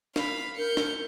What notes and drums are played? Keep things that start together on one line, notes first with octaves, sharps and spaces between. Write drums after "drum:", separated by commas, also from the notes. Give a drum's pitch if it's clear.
F5 B5, drum: snare
A#4 G6 C#7
drum: snare